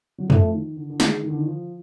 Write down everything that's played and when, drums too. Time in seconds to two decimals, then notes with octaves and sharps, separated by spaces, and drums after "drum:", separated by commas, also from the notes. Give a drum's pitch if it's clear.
0.18 F#3
0.30 F3 A3, drum: tom
0.53 D#3
0.77 D3
0.90 D3
1.00 D#3 G#3, drum: snare
1.23 D#3
1.30 D3
1.37 D#3
1.46 F3